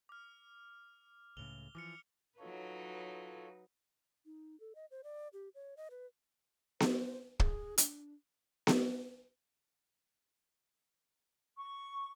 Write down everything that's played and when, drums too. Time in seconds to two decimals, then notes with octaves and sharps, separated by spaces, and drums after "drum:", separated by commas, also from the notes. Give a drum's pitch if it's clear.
0.09 D6 F6
1.37 C#2 A2 C#3 F7 G7
1.75 E3 F3 D6 F6 C#7
2.39 F#3 D#4 F4 A4 B4 C#5
4.25 D#4
4.60 A4
4.75 D#5
4.91 C5
5.04 D5
5.33 G4
5.55 C#5
5.77 D#5
5.91 B4
6.80 C5, drum: snare B3
7.40 G#4, drum: kick
7.78 D4, drum: hi-hat
8.67 drum: snare B3
11.58 C#6